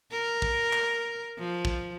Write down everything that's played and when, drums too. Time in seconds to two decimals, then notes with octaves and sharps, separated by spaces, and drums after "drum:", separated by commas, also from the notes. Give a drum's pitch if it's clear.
0.11 A#4
0.42 drum: kick
0.73 drum: clap
1.38 F3
1.65 drum: kick